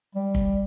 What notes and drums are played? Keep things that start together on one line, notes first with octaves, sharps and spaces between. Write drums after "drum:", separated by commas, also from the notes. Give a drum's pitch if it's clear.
G3
drum: kick